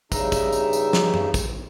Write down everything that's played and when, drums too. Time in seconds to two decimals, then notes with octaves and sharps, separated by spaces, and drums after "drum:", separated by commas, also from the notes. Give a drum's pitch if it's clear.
0.12 G2 C#3 D#4 E5 A#5, drum: kick, tambourine
0.32 drum: kick, tambourine
0.52 drum: tambourine
0.73 drum: tambourine
0.93 drum: snare
1.14 drum: tom F#2
1.34 drum: kick, tambourine